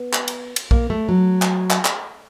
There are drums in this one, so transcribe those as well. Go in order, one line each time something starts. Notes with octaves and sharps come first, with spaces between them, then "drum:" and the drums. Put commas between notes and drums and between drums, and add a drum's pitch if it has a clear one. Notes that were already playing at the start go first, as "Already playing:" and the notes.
Already playing: B3
drum: clap
drum: cymbal
drum: cymbal
A#3, drum: kick A#1
A3
F#3
drum: clap
drum: clap
drum: clap